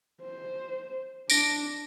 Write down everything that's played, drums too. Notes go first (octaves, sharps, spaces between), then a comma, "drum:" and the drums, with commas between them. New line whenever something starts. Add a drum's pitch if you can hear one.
C5
D4 A#6 D7, drum: tambourine